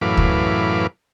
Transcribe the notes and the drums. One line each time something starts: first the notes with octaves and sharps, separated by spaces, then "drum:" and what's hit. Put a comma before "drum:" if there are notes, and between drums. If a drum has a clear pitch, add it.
F#2 A2 E3 B4 F5 D6
drum: kick C#2